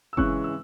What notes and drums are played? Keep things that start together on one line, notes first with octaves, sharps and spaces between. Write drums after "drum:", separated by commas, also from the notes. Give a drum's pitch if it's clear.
E6
C#3 E3 G#3 C#4 C#6 F#6, drum: kick F#1
E6